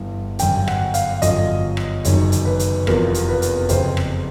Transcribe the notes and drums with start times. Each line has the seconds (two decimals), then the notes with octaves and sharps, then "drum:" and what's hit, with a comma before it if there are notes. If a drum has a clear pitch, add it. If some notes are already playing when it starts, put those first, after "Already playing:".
Already playing: G1 G2 E3
0.39 G1 F#2 D3 G5, drum: hi-hat
0.68 F#5, drum: rim click
0.94 F5, drum: hi-hat
1.22 G1 F#2 D3 F3 D#5, drum: hi-hat
1.77 drum: rim click
2.05 F#1 F#2 D#3 C#5, drum: hi-hat
2.32 drum: hi-hat
2.45 B4
2.59 drum: hi-hat
2.87 F1 E2 C3 F3 A#4, drum: rim click
3.14 drum: hi-hat
3.29 B4
3.42 drum: hi-hat
3.69 F#1 F2 C#3 C5, drum: hi-hat
3.97 drum: rim click